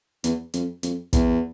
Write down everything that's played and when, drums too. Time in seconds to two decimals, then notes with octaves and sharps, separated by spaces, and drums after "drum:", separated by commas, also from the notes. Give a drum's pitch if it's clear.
0.24 E2, drum: hi-hat
0.54 F2, drum: hi-hat
0.83 F2, drum: hi-hat
1.13 E2, drum: kick, hi-hat